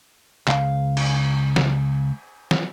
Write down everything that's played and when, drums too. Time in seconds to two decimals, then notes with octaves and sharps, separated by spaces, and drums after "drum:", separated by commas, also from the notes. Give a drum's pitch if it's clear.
0.47 C#2 F5, drum: clap
0.97 drum: cymbal
1.56 drum: snare
2.51 drum: snare